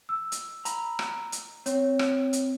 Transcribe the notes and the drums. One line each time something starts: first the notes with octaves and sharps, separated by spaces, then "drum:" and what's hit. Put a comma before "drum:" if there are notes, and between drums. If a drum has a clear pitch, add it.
E6
drum: hi-hat
A#5 B5, drum: hi-hat
drum: rim click
drum: hi-hat
C4 C#5, drum: hi-hat
drum: rim click
drum: hi-hat